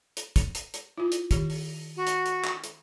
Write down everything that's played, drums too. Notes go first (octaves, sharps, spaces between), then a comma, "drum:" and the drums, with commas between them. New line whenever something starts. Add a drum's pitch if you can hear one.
drum: hi-hat
drum: kick, hi-hat
drum: hi-hat
drum: hi-hat
E4 F4
drum: hi-hat
D#3 G4, drum: kick, hi-hat
drum: open hi-hat
F#4
drum: hi-hat
drum: hi-hat
drum: clap
drum: hi-hat